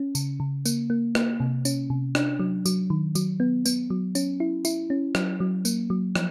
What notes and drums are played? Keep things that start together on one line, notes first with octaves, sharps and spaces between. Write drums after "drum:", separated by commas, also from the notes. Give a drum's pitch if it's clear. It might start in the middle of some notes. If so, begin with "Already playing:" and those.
Already playing: C#4
C#3, drum: tambourine
C#3
A#3, drum: tambourine
A#3
A#3, drum: rim click
C3
C#4, drum: tambourine
C3
D4, drum: rim click
F#3
F#3, drum: tambourine
D#3
F#3, drum: tambourine
B3
B3, drum: tambourine
F#3
C#4, drum: tambourine
E4
E4, drum: tambourine
C#4
F#3, drum: rim click
F#3
A#3, drum: tambourine
F#3
F3, drum: rim click